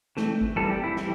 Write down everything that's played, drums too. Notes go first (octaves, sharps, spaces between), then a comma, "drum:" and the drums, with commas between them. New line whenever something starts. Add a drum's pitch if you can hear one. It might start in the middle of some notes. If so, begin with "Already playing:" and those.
E3 A3 C4, drum: snare
drum: kick G#1
E3 G3 C4 A4
G4
E4
E3 G3 C4 G4, drum: snare